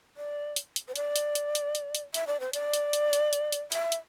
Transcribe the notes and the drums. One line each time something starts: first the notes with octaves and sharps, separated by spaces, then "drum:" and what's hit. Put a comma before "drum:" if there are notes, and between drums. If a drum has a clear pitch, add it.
D5
drum: hi-hat
drum: hi-hat
C5
D5, drum: hi-hat
drum: hi-hat
drum: hi-hat
drum: hi-hat
drum: hi-hat
drum: hi-hat
E5, drum: hi-hat
D5
C5
D5, drum: hi-hat
drum: hi-hat
drum: hi-hat
drum: hi-hat
drum: hi-hat
drum: hi-hat
E5, drum: hi-hat
drum: hi-hat